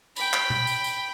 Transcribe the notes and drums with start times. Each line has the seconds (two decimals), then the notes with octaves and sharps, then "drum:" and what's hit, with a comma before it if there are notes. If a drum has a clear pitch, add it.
0.16 G5 B5, drum: tambourine
0.33 drum: clap
0.50 drum: tom B2
0.67 drum: tambourine
0.84 drum: tambourine